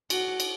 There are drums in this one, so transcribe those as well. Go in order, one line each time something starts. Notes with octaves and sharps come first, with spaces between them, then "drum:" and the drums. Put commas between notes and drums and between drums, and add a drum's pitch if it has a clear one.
F#4, drum: cymbal
drum: cymbal